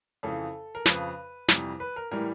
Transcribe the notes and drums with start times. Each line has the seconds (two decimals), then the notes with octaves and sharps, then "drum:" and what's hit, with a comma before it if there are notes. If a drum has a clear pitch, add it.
0.23 F2 C#3 E3 A4
0.75 A#4
0.86 F2 C#3 F3 B4, drum: snare
1.48 F2 C3 E3 G3, drum: snare
1.80 B4
1.96 A#4
2.11 A2 E3 G3 A#4